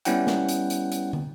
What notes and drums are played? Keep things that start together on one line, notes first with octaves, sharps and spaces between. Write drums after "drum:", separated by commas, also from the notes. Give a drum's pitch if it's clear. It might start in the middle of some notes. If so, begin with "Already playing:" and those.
G3 B3 C#4 E4 F#5 G5, drum: hi-hat
drum: snare
drum: hi-hat
drum: hi-hat
drum: hi-hat
drum: tom